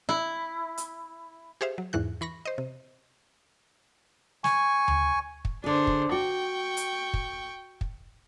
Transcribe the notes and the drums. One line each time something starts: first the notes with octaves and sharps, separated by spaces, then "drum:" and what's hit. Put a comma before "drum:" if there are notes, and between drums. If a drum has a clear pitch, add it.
E4
drum: hi-hat
G4 G#4 C5 E5 F5
F#3
E2 G#2 E3 F#6
E3 B5 C#6 A#6
C5 D#5
C3
G#5 C#6, drum: snare
drum: tom D2
drum: kick
D3 D4 G#4 C5
drum: kick
F#4 G5 C#6
drum: hi-hat
drum: kick
drum: kick